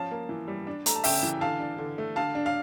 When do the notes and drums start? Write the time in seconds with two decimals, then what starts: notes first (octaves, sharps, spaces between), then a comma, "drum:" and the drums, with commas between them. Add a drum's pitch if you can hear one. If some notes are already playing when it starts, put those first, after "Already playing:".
Already playing: F3 C#4 F5 A5
0.12 A#3
0.29 E3
0.48 G3
0.67 D4
0.86 A3 A#5, drum: hi-hat
0.95 A5
1.04 C#3 E5 G5, drum: open hi-hat
1.23 E3
1.41 D3 F5 A5
1.60 D4
1.78 D3
1.98 A3
2.16 D3 F5 A5
2.35 D4
2.46 F5